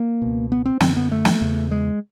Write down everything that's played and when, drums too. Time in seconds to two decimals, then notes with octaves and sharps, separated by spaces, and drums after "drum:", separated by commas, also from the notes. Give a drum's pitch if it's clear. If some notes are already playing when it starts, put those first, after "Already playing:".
Already playing: A#3
0.22 C#2 B2
0.52 B3
0.66 C4
0.80 F#2 D3 C4, drum: snare
0.97 B3
1.12 A3
1.25 drum: snare
1.41 E2 C#3
1.71 G#3